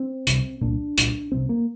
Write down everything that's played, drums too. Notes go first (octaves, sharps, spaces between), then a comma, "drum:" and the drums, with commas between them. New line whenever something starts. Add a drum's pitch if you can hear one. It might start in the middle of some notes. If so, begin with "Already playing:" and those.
Already playing: C4
C2 C3, drum: hi-hat
C2 A#2 D4
C2 A#2, drum: hi-hat
C2 C3 C4
A#3